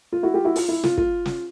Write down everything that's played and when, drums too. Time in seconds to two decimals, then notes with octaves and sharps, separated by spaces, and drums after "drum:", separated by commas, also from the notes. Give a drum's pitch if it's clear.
0.12 F4
0.23 E4 F#4
0.34 F4 G4
0.44 E4 F#4
0.56 F4, drum: open hi-hat
0.69 E4
0.84 F4, drum: snare
0.97 F4, drum: kick
1.26 drum: snare